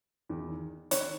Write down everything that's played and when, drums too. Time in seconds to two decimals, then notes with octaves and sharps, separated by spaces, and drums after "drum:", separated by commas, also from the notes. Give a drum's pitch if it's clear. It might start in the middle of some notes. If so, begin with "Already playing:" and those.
0.29 E2 D#3
0.91 D#3 C#6, drum: hi-hat